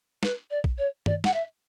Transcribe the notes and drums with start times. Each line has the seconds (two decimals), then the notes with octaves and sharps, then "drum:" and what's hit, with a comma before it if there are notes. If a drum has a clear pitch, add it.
0.23 B4, drum: snare
0.50 D5
0.64 drum: kick
0.78 C#5
1.06 D5, drum: tom
1.24 F#5, drum: snare
1.33 E5